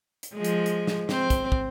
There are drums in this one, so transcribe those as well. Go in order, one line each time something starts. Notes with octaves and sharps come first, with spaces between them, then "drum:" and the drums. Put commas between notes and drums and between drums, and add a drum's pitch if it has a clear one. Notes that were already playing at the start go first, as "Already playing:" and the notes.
drum: hi-hat
F3 G#3
drum: hi-hat
drum: hi-hat
drum: snare
C4 C5, drum: snare
drum: kick, hi-hat
drum: kick